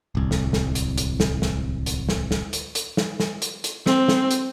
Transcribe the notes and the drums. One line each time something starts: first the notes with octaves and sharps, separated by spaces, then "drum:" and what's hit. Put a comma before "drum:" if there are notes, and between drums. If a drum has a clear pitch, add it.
D1 C2
drum: snare
drum: snare
drum: hi-hat
drum: hi-hat
drum: snare
drum: snare
drum: hi-hat
drum: snare
drum: snare
drum: hi-hat
drum: hi-hat
drum: snare
drum: snare
drum: hi-hat
drum: hi-hat
C4, drum: snare
drum: snare
drum: hi-hat